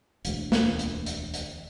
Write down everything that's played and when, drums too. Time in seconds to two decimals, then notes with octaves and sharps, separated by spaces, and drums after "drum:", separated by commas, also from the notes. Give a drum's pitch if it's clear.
0.25 E1 D2, drum: hi-hat
0.52 drum: snare
0.79 drum: hi-hat
1.06 drum: hi-hat
1.34 drum: hi-hat